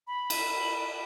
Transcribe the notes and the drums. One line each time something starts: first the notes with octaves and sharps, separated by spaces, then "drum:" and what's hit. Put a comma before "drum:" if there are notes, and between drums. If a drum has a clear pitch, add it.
B5
drum: cymbal